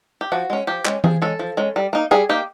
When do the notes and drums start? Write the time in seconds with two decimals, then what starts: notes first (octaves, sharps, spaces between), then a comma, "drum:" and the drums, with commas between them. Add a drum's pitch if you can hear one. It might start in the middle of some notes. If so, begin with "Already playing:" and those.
0.21 G4
0.32 F3 F#4
0.50 G#3 C#4
0.67 F3 G4
0.85 G#3 C#4, drum: clap
1.04 F3 G#4, drum: tom E3
1.22 G#3 C#4 A4
1.39 F3
1.57 G#3 C#4
1.76 G3
1.93 A#3 D#4
2.11 G3 G#4
2.29 A#3 D#4 G4